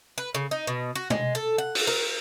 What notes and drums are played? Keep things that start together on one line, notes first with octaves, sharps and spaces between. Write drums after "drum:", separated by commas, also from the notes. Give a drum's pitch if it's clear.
B4
C#3
D#4
B2
F#4
G#3, drum: tom B2
A4
F#5
drum: open hi-hat
A#4